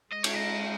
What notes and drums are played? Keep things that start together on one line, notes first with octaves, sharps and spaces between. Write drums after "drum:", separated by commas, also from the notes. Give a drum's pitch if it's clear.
G#3 D#5
C#5, drum: cymbal
D#5